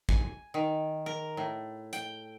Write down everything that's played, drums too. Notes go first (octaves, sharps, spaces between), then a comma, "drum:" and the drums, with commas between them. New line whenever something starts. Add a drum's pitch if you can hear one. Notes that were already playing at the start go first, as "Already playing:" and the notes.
G#5, drum: kick
D#3
A#4
A2
G5, drum: hi-hat